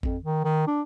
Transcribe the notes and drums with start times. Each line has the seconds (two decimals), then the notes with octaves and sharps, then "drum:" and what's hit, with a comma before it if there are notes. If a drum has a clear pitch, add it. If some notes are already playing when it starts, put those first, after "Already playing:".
0.03 F2, drum: kick G#1
0.23 D#3
0.44 D#3
0.67 D4